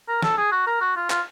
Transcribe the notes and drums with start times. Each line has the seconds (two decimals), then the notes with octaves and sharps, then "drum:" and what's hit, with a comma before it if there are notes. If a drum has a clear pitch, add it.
0.08 A#4
0.22 A4, drum: snare
0.37 G#4
0.51 F#4
0.67 A#4
0.81 F#4
0.96 F4
1.10 F4, drum: clap